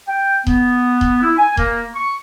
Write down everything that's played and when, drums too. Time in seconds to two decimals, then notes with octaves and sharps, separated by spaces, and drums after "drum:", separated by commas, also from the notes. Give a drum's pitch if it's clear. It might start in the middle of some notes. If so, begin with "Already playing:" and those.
0.08 G5
0.47 B3, drum: kick D#1
1.01 drum: kick D#1
1.22 E4
1.38 G#5
1.57 A#3, drum: kick D#1
1.95 C#6